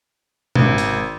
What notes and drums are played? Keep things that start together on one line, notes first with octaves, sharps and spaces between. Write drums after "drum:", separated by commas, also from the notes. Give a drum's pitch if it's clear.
G#1, drum: tom
drum: hi-hat